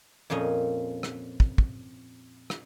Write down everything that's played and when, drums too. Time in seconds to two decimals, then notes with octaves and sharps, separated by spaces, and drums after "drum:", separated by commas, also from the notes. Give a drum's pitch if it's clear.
0.30 F2 A#2 F3 C#4 D#5
1.03 drum: rim click
1.40 drum: kick
1.58 drum: kick
2.50 drum: rim click